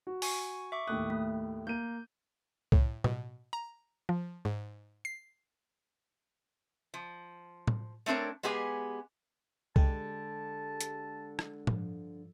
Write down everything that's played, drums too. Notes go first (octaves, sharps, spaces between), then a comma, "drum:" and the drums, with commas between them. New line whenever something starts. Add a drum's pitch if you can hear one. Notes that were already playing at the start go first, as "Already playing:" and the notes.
F#4
G#5 C#6, drum: open hi-hat
E5 C#6 D6
D#2 A2 D#6 F#6
A3
A#3 G6 D#7
A2, drum: kick C2
B2, drum: tom
A#5
F3
G#2
C7
F3
drum: tom
A3 C4 D4 A#4 C#5
G#3 B3 G4 G#4 G#5
D3 G#3 G4 A4 A5, drum: kick C2
drum: hi-hat
drum: rim click
G2 F3, drum: tom